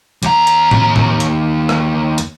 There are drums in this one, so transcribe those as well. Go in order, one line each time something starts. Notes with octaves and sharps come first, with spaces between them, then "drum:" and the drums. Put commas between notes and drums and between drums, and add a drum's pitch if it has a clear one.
D#2 A#5, drum: hi-hat
drum: hi-hat
drum: tom A2
drum: tom A2
drum: hi-hat
drum: rim click
drum: hi-hat